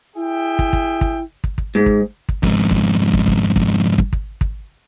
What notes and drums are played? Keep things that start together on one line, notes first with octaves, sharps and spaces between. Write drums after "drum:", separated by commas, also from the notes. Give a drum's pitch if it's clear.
E4 G#4 E5 G5
drum: kick
drum: kick
drum: kick
drum: kick
drum: kick
G#2
drum: kick
drum: kick
F2 G#2, drum: kick
drum: kick
drum: kick
drum: kick
drum: kick
drum: kick
drum: kick
drum: kick